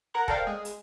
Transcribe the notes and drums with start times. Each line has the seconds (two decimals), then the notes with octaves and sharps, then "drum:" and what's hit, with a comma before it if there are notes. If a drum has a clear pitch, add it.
0.14 A#4 F#5 A#5 F#6 G#6
0.28 A4 A#4 C5 D5 F5 G5, drum: kick E1
0.47 G#3 G#4
0.65 drum: hi-hat